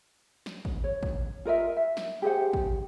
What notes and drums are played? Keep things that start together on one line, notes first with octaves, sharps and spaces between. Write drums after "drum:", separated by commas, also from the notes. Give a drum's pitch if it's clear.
drum: snare
drum: kick
C#5
drum: kick
F4 A#4 D#5 E5
E5
drum: snare
G4 G#4 C5 F#5
drum: kick